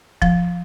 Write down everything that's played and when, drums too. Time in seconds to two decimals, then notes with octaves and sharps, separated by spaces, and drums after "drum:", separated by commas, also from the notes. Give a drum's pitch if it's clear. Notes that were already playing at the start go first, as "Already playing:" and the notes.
0.22 F3, drum: kick